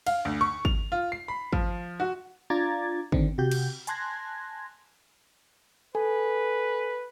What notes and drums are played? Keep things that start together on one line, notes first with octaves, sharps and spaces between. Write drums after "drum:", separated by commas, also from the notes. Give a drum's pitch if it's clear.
F5, drum: cymbal
D2
C#6
F7, drum: kick
F4
C7
B5
F3, drum: kick
F#4
D4 F4 A#5 D6 G#6 A6
D3 D#3 C4 D4, drum: kick
C3 F#4 G4 G6
drum: cymbal
G#5 A5 C6 F#6 G#6 A#6, drum: hi-hat
A4 B4 G#5